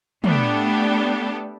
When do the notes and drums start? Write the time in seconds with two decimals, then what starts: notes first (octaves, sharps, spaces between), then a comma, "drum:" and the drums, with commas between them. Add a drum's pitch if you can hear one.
0.24 A3 B3 D4 G4 A4, drum: tom